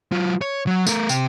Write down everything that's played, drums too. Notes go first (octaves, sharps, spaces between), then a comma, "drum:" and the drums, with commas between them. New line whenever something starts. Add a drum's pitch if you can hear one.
F#3 F4
C#5
F#3
A3 A#4, drum: tambourine
C3 G5, drum: tambourine